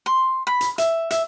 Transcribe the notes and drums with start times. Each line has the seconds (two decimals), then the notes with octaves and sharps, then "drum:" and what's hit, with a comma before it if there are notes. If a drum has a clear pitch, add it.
0.06 C6
0.47 B5
0.61 drum: hi-hat
0.78 E5, drum: hi-hat
1.11 E5, drum: hi-hat